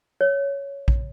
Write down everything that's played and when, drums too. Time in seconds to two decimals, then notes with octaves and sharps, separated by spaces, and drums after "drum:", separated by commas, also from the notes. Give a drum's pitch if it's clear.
0.21 C#5
0.88 drum: kick A#1